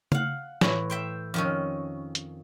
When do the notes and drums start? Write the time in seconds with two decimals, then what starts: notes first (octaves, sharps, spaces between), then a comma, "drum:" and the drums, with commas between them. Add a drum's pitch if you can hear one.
0.12 F5 F#5, drum: tom C#3
0.61 A2 E3, drum: snare
0.90 E5 G5 C6
1.34 F2 D#3 C#4
2.15 drum: hi-hat